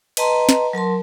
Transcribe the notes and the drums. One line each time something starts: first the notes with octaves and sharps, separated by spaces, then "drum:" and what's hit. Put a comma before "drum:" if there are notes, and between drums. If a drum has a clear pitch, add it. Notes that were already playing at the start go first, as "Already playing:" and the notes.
B4 D#5 A5 A#5 C6, drum: cymbal
drum: snare
F#3 A#4 A5 C6